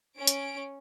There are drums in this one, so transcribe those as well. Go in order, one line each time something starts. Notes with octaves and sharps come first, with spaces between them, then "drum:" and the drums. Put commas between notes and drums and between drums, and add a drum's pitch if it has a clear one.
C#4 D7
drum: hi-hat